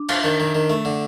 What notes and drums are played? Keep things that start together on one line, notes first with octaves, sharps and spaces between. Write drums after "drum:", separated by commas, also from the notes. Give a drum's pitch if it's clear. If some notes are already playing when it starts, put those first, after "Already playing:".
Already playing: D4
F4, drum: cymbal
D#3
D#3
D#3
A3
D3